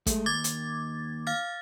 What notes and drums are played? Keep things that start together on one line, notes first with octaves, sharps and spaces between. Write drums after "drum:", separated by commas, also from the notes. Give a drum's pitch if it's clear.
G#3 A3, drum: kick, hi-hat
D#2 D6 G#6 A6
drum: hi-hat
F5 F6 A6